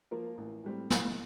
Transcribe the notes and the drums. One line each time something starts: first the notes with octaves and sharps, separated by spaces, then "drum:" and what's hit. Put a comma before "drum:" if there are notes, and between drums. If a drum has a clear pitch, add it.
F3 A#3 F4 A#4
A1
A2 G3 C4
A1, drum: snare